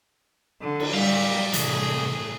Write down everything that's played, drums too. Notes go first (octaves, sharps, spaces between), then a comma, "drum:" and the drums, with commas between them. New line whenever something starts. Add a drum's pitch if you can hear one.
D3
drum: cymbal
G3 D5 F5
A2 C3 E3 G#4, drum: hi-hat